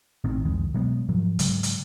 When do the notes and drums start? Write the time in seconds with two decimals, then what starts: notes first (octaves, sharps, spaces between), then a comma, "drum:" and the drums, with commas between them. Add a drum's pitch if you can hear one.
0.24 G#1 A2 D#3 C4
0.45 C2 F2 D#3 G#3
0.74 B2 F#3 G#3 B3
1.09 G#2 F3 F#3
1.39 G#2 C#3 F#3 G#3, drum: hi-hat
1.63 drum: hi-hat